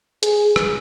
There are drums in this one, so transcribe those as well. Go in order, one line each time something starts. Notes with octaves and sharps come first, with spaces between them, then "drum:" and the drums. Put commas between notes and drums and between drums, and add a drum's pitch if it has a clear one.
G#4, drum: hi-hat
drum: rim click